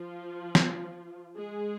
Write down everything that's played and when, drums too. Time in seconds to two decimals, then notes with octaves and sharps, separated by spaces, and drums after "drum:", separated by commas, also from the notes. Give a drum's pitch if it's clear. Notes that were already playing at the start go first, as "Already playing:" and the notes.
Already playing: F3 F4
0.55 drum: snare
1.37 G#3 G#4